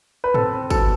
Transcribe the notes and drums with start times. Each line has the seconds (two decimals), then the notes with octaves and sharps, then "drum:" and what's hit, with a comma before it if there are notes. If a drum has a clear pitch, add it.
0.24 B4
0.34 C4 A4, drum: tom
0.53 C4
0.70 B2 A4, drum: kick, tambourine